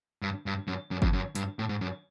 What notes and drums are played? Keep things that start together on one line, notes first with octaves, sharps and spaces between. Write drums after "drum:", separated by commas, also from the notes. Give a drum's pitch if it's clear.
G2
G2
F#2
F#2
F2, drum: kick G1
F#2
G2, drum: hi-hat
A2
G#2
F#2